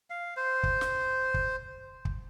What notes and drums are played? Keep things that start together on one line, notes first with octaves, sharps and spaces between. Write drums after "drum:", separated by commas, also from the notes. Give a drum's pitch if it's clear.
F5
C5
drum: kick
drum: snare
drum: kick
drum: kick